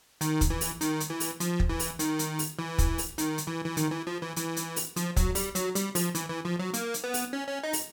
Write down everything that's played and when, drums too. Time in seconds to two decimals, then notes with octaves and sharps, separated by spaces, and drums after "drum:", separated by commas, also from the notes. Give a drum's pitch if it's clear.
0.21 D#3, drum: hi-hat
0.41 drum: kick, hi-hat
0.50 E3
0.61 drum: open hi-hat
0.81 D#3, drum: hi-hat
1.00 drum: hi-hat
1.10 E3
1.20 drum: open hi-hat
1.40 F3, drum: hi-hat
1.60 drum: kick
1.69 E3
1.79 drum: open hi-hat
1.99 D#3, drum: hi-hat
2.19 drum: hi-hat
2.39 drum: open hi-hat
2.59 E3
2.78 drum: kick, hi-hat
2.98 drum: open hi-hat
3.18 D#3, drum: hi-hat
3.38 drum: hi-hat
3.47 E3
3.65 E3
3.77 D#3, drum: hi-hat
3.92 E3
4.07 F3
4.22 E3
4.36 E3, drum: hi-hat
4.57 drum: hi-hat
4.76 drum: open hi-hat
4.96 F3, drum: hi-hat
5.16 F#3, drum: kick, hi-hat
5.35 G3, drum: open hi-hat
5.55 F#3, drum: hi-hat
5.75 G3, drum: hi-hat
5.95 F3, drum: open hi-hat
6.15 E3, drum: hi-hat
6.29 E3
6.45 F3
6.59 F#3
6.74 A#3, drum: hi-hat
6.94 drum: hi-hat
7.04 B3
7.14 drum: open hi-hat
7.33 C#4
7.48 C#4
7.64 D#4
7.73 drum: open hi-hat